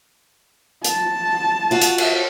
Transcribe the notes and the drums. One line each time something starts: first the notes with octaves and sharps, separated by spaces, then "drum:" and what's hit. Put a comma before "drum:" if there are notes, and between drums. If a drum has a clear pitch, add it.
A5, drum: hi-hat
F4 F#4
drum: hi-hat
drum: cymbal